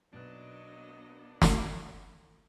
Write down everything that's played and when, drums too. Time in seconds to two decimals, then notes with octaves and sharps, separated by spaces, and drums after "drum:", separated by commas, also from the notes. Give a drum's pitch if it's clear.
0.13 B1 F#3 A#3 B3 D4 B4 D#5 F#6
1.42 drum: snare